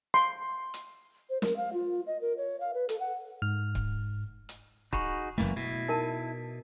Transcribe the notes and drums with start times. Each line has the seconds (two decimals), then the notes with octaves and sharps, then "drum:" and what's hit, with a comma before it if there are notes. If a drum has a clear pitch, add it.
0.14 C6
0.74 drum: hi-hat
1.30 C5
1.42 A#4, drum: snare
1.57 F5
1.73 F4
2.07 D#5
2.21 A#4
2.37 C#5
2.61 F5
2.74 B4
2.89 A4, drum: hi-hat
3.00 F#5
3.42 G#2 F6
3.75 drum: kick C#1
4.49 drum: hi-hat
4.93 D#4 F#4 G#4 B5 C#6, drum: kick C#1
5.38 F#1 F#2 E3 A3 A#3
5.56 B2 E4
5.88 D#4 A#4 A5